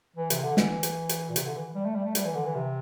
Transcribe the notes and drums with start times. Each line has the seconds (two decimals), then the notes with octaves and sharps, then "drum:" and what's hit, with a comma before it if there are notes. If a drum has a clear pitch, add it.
0.16 E3
0.30 C3, drum: hi-hat
0.43 D3
0.57 E3, drum: snare
0.83 drum: hi-hat
1.09 drum: hi-hat
1.29 A#2
1.36 C3, drum: hi-hat
1.46 D3
1.56 E3
1.75 G3
1.85 A3
1.95 G3
2.05 A3
2.15 G3, drum: hi-hat
2.25 E3
2.35 D3
2.45 E3
2.55 C3